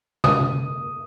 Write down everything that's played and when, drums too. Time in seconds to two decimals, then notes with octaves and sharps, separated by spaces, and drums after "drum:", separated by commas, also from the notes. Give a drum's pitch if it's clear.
0.24 D#6, drum: tom C3